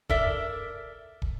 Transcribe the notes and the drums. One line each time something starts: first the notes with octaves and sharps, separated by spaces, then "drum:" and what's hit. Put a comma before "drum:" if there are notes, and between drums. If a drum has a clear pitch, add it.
A4 A#4 D5 E5, drum: kick
drum: kick